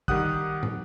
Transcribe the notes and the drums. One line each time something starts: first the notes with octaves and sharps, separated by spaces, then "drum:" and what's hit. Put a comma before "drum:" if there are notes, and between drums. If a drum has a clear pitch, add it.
D#3 G3 G4 F#5 D#6 F#6, drum: kick
drum: tom